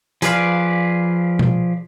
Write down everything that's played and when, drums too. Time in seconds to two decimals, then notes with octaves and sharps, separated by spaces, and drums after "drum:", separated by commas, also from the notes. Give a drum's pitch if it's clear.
0.22 F3 G#4 B4 D5 F5, drum: hi-hat
1.39 drum: tom B2